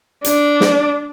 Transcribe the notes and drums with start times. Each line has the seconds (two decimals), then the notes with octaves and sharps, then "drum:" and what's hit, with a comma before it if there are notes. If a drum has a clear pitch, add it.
0.24 D4, drum: hi-hat
0.60 drum: snare